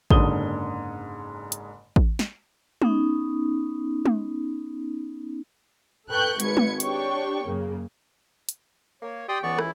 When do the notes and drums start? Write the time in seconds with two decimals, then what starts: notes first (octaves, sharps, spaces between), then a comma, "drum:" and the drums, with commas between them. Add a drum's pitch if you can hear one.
0.10 F#1 G#2 D3 D#6 G7, drum: kick A1
1.52 drum: hi-hat
1.96 drum: kick A1
2.19 drum: snare
2.82 B3 C#4 D#4, drum: tom G#3
4.06 drum: tom G#3
6.09 A4 B4 G5 C#6 F#6 G6
6.40 G#1 G#3 B4 G#6 C#7, drum: hi-hat
6.57 drum: tom G#3
6.80 D4 G4 C#5 G5 C#6, drum: hi-hat
7.45 F#2 C#3 A#3
8.49 drum: hi-hat
9.03 A#3 C#5
9.29 G4 D5 G5 C6 D#6
9.43 C#2 E3 B3 D5 C#6
9.59 E4, drum: rim click